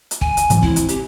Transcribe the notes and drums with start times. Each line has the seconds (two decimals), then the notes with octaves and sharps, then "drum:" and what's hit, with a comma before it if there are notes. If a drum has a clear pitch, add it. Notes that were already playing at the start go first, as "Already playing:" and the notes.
0.11 drum: hi-hat
0.21 G#5, drum: kick
0.37 drum: hi-hat
0.50 G#2 E3 F#3, drum: hi-hat
0.63 C4 E4, drum: kick
0.76 drum: hi-hat
0.89 G4, drum: hi-hat